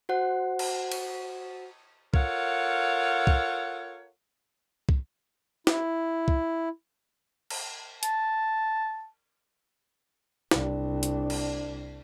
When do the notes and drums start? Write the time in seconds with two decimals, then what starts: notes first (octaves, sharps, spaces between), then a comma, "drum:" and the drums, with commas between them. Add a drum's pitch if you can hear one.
0.09 F#4 C5 F#5
0.59 drum: cymbal
0.92 drum: cymbal
2.14 F4 A4 A#4 C#5 F5 F#5, drum: kick C2
3.27 drum: kick C2
4.89 drum: kick C2
5.67 E4, drum: snare
6.28 drum: kick C2
7.50 drum: cymbal
8.03 A5, drum: hi-hat
10.51 C2 D4, drum: snare
11.03 drum: hi-hat
11.30 drum: cymbal